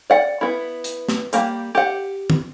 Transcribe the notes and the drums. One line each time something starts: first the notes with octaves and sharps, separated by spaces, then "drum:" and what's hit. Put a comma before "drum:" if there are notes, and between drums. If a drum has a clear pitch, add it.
D5 F#5
B3 E4
drum: hi-hat
drum: snare
G3 A#3 G4, drum: hi-hat
G4 F#5
drum: tom